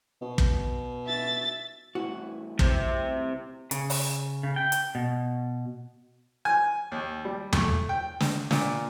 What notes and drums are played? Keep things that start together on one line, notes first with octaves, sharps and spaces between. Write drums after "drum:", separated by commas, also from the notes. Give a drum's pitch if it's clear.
B2
drum: kick
E5 A6
C2 A2 E3 F#4
C3, drum: kick
C#3, drum: hi-hat
drum: open hi-hat
C#3
G5
drum: hi-hat
B2
G#5
D#2
G3
A3, drum: tom E2
G5
drum: snare
A#2, drum: snare